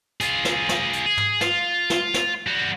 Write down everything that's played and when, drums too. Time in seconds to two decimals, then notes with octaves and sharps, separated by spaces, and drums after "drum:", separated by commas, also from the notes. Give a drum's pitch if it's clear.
0.21 F4 G#4, drum: hi-hat
0.45 drum: snare
0.69 drum: snare
0.93 drum: hi-hat
1.06 G#4
1.17 drum: tom
1.41 F4, drum: snare
1.90 drum: snare
2.14 drum: snare
2.47 G3 F#4